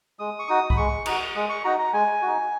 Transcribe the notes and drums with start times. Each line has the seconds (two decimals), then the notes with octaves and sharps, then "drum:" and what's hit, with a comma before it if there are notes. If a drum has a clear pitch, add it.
0.19 G#3 D#6
0.39 C#6
0.48 D#4 F#4 D#6
0.70 B5, drum: kick
0.77 G#3 C#6
1.06 D#4 F#4 D#6, drum: cymbal
1.35 G#3 D#6
1.49 C#6
1.64 D#4 F#4 A#5
1.79 A#5
1.93 G#3 G#5
2.22 D#4 F#4